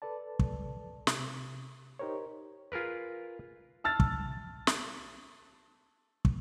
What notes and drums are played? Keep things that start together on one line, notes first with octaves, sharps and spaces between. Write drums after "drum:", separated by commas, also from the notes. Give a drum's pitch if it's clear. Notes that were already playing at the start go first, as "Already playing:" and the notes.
A4 B4 D5 A5
drum: kick
C3, drum: snare
D#4 G4 A#4 C5 C#5
F4 G#4 A#4 B4
A5 E6 F6 A6
drum: kick
drum: snare
drum: kick